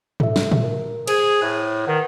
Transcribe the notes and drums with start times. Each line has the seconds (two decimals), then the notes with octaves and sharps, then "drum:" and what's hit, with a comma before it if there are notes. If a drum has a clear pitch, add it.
0.20 A4 E5, drum: tom G#2
0.36 drum: snare
0.52 drum: tom A2
0.64 A#4
1.07 G#4 C5 G#6, drum: cymbal
1.42 A2 E5 F#6
1.87 D#3 B4 F#5